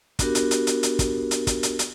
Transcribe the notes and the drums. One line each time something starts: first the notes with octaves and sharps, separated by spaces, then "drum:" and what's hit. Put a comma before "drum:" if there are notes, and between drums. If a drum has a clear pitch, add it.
B3 D4 F#4 G4 A#4, drum: kick, hi-hat
drum: hi-hat
drum: hi-hat
drum: hi-hat
drum: hi-hat
drum: kick, hi-hat
drum: hi-hat
drum: kick, hi-hat
drum: hi-hat
drum: hi-hat